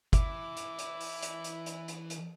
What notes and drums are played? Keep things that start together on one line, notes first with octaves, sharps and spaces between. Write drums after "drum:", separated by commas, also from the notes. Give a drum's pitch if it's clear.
E3 E4 D6, drum: kick, hi-hat
drum: hi-hat
drum: hi-hat
drum: open hi-hat
drum: hi-hat
drum: hi-hat
drum: hi-hat
drum: hi-hat
drum: hi-hat